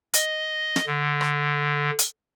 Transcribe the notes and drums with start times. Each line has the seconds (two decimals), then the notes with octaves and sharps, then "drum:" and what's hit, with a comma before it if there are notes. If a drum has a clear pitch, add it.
0.14 D#5, drum: hi-hat
0.76 drum: snare
0.87 D3
1.21 drum: rim click
1.99 drum: hi-hat